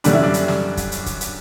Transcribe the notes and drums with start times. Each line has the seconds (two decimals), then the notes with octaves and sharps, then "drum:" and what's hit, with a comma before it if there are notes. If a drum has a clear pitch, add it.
0.04 F#2 D3 G3 D4, drum: hi-hat
0.13 E4
0.23 D4
0.34 drum: hi-hat
0.48 drum: snare
0.77 drum: kick, hi-hat
0.92 drum: hi-hat
1.06 drum: kick, hi-hat
1.21 drum: hi-hat